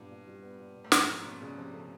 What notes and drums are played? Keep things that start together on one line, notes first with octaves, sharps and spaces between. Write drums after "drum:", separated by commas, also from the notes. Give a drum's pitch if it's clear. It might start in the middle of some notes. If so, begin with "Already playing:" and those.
Already playing: G2 A#2 G3 B3
A#2
G3
B3
A#2
A#2
A2
G#2 F3, drum: snare
A#2 A3
B2 C#4
A#2 C#3
C3 F3
C#3 A3